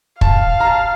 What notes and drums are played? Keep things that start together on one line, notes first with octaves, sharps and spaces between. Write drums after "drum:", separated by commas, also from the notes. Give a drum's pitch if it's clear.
F5 A5, drum: kick
A#5
A5